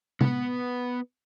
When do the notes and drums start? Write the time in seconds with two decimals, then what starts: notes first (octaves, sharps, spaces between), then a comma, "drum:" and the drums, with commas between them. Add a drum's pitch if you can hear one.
0.21 B3 B4, drum: tom C3